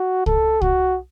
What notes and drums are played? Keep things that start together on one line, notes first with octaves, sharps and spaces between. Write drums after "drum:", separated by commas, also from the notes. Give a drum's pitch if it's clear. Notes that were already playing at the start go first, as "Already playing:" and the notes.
Already playing: F#4
A4, drum: kick C2
F#4, drum: kick C2